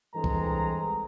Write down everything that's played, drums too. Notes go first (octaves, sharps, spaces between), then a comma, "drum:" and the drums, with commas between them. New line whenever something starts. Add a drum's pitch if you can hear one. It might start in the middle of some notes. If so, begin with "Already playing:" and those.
G2 E3 G#3 C4 A4 A#5
drum: kick B1